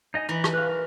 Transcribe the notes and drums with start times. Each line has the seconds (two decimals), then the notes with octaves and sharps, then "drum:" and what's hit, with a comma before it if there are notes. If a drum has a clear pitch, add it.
0.14 D#4 D#5 G#5
0.29 E3 A#5 B5
0.44 drum: rim click
0.54 B4 F5
0.69 A#4